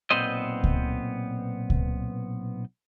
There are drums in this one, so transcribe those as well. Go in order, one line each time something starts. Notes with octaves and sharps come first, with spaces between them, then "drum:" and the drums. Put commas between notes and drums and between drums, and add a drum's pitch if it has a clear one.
B1 A#2 B3 C4 C5 D#5
drum: kick C#2
drum: kick C#2